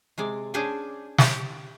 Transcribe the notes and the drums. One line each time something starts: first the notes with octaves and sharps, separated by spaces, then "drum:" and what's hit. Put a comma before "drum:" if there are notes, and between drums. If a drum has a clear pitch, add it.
C3 G#3 D5
C#4 D4 G#4 C5 D5 G#5
G4 A5, drum: snare